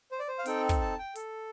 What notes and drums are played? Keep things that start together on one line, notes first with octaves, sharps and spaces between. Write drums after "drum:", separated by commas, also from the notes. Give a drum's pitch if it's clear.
C5
D5
C5
F5
C4 D#4 A4 G5, drum: hi-hat
drum: kick, hi-hat
A5
G5
A4, drum: hi-hat